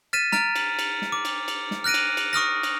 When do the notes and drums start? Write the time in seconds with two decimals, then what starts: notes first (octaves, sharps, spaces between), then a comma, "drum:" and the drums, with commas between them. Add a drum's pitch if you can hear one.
0.13 F6 A6 B6 D#7 E7
0.32 A#5 F6 A6 D7, drum: snare
0.56 drum: cymbal
0.79 drum: cymbal
1.02 drum: snare
1.12 D6
1.25 drum: cymbal
1.48 drum: cymbal
1.71 drum: snare
1.84 F6 F#6 A#6 D7 D#7
1.94 drum: cymbal
2.17 drum: cymbal
2.33 C#6 D#6 F6 A#6
2.63 drum: cymbal